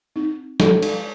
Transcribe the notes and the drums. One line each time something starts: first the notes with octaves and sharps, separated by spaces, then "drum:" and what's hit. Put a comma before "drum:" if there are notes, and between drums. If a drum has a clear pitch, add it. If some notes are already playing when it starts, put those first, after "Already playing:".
C4 D#4
G#3 A4, drum: snare
drum: cymbal